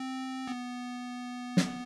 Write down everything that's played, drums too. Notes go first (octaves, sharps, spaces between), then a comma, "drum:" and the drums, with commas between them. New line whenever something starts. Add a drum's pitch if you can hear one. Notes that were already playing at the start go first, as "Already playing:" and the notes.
Already playing: C4
B3
drum: snare